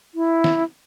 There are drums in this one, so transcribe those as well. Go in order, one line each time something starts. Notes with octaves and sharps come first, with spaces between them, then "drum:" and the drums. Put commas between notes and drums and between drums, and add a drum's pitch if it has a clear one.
E4
drum: snare